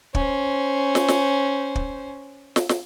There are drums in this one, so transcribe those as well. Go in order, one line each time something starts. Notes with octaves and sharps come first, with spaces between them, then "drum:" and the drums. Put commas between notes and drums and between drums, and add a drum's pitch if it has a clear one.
C#4 C5, drum: kick
drum: snare
drum: snare
drum: kick
drum: snare
drum: snare